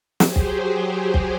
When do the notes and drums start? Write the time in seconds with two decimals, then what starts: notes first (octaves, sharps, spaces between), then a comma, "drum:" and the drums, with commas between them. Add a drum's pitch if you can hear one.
0.20 F#3 G4 G#4 C5, drum: snare
0.36 drum: kick
1.14 drum: kick